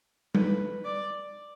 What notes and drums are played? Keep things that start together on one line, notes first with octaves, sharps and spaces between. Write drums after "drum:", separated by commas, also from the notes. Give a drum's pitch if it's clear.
B4, drum: tom G3
D5